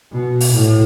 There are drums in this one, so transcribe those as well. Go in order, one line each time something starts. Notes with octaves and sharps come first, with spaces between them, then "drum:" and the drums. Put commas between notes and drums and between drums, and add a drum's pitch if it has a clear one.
B2
drum: open hi-hat
A2